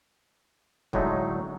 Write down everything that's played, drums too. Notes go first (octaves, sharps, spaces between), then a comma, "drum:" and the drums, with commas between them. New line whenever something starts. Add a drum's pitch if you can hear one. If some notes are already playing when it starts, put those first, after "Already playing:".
A2 D3 F#3 G#3 A3 D#4, drum: kick